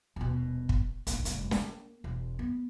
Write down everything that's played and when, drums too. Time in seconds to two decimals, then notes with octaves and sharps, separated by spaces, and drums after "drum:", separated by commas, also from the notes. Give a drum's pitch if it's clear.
0.16 D#1 B2
0.69 drum: kick
1.07 A#1 D#4, drum: hi-hat
1.25 F1 G2, drum: hi-hat
1.51 A#3, drum: snare
2.04 E1
2.39 B3